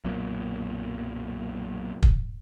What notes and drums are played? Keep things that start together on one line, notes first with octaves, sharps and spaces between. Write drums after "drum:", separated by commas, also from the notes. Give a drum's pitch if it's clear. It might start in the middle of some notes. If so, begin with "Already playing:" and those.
B1 F#2 A#2
drum: kick